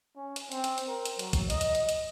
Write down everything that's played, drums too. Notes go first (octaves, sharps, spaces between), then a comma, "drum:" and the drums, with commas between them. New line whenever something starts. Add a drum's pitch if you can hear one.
C#4
drum: hi-hat
C4, drum: hi-hat
drum: hi-hat
drum: hi-hat
A#4
drum: hi-hat
F#3, drum: hi-hat
drum: kick, hi-hat
D#5, drum: hi-hat
drum: hi-hat
drum: hi-hat
drum: hi-hat